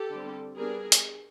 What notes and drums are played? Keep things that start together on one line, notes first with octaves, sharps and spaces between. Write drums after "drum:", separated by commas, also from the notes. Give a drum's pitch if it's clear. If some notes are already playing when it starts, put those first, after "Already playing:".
Already playing: G4 A4
D3 G3 C4
G3 B3 D4 G#4 A#4
drum: hi-hat